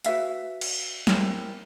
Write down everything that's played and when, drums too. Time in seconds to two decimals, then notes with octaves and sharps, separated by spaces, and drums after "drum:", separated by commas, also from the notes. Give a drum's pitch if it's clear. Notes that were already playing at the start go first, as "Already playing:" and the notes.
0.04 F#4 B4 E5 F5, drum: hi-hat
0.61 drum: cymbal
1.07 E4 G4 A#4 C5, drum: snare